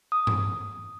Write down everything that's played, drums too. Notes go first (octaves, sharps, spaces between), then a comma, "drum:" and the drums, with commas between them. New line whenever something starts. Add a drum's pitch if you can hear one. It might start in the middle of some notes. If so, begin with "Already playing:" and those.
D#6
drum: tom G2